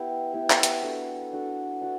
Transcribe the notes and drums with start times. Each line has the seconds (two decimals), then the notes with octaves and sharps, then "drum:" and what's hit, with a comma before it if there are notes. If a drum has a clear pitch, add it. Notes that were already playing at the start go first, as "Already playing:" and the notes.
Already playing: B3 E4 G4
0.33 B3 E4 G4
0.50 drum: clap
0.63 drum: hi-hat
0.83 D4 F#4 A4
1.33 D4 F#4 A4
1.81 D4 F#4